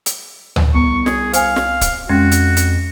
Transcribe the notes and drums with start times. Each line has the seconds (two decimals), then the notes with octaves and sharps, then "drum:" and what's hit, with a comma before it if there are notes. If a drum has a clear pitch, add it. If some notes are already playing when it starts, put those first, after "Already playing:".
0.06 drum: hi-hat
0.56 drum: tom D2
0.75 C2 B3 C#6
1.06 G#4, drum: snare
1.33 C5 F5 G#5, drum: hi-hat
1.56 drum: snare
1.81 drum: kick, hi-hat
2.10 F2 G#3 C#4 F#4
2.31 drum: hi-hat
2.56 drum: hi-hat